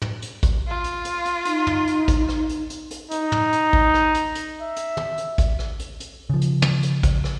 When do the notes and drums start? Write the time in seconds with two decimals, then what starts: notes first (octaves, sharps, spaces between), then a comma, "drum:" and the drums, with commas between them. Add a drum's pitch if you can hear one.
0.02 drum: tom
0.22 drum: hi-hat
0.43 drum: kick A1, hi-hat
0.67 F4
0.84 drum: hi-hat
1.05 drum: hi-hat
1.25 drum: hi-hat
1.45 D#4, drum: hi-hat
1.67 drum: tom
1.87 drum: hi-hat
2.08 drum: kick A1, hi-hat
2.29 drum: rim click
2.49 drum: hi-hat
2.70 drum: hi-hat
2.91 drum: hi-hat
3.11 D#4, drum: hi-hat
3.32 drum: tom
3.53 drum: hi-hat
3.73 drum: kick A1
3.94 drum: rim click
4.14 drum: hi-hat
4.35 drum: hi-hat
4.62 E5
4.76 drum: hi-hat
4.97 drum: tom
5.18 drum: hi-hat
5.38 drum: kick A1, hi-hat
5.59 drum: rim click
5.80 drum: hi-hat
6.00 drum: hi-hat
6.30 C#3 F3
6.41 drum: hi-hat
6.62 drum: tom
6.83 drum: hi-hat
7.03 drum: kick A1, hi-hat
7.24 drum: rim click